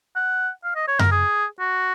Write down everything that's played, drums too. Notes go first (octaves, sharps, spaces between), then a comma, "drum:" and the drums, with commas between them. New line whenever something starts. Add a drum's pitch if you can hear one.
F#5
F5
D#5
C#5
A#4, drum: tom F#2
G#4
F#4